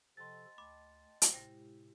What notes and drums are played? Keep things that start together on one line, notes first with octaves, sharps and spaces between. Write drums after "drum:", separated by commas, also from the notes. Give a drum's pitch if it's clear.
C3 F3 A4 D#5 G5 A5 C6 A6
D2 B5 D6
drum: hi-hat
A2 C3 G#3 E4 G4 C5 G5 A#6